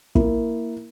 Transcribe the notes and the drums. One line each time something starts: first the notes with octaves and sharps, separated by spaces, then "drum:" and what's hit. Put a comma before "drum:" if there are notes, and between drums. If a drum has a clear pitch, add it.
A#3 E4, drum: kick